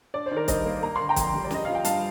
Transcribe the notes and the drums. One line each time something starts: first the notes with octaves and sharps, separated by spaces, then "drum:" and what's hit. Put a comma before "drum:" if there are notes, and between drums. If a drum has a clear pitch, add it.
D4 D5
C5
D#3
A#4 D5
G2 C5 D#5, drum: kick, hi-hat
A#3
A#3 A#5
D3 C6
G5 A#5
F2, drum: kick, hi-hat
G3
D5
G2 D#5, drum: snare
F3 F5
G5
G2 F5 A5, drum: hi-hat